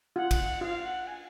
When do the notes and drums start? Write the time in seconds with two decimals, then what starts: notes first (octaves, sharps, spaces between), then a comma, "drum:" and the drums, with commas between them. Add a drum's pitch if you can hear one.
0.16 F4 F#5
0.31 drum: kick A#1, cymbal
0.61 F4 F5
0.84 F#5
1.07 G#5